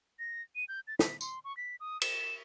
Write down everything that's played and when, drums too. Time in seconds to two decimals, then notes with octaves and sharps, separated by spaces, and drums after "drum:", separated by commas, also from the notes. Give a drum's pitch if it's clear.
0.19 A#6
0.56 D#7
0.69 G6
0.87 A6
0.99 B6, drum: snare
1.21 C6, drum: tambourine
1.45 C#6
1.57 B6
1.80 D#6
2.02 E7, drum: cymbal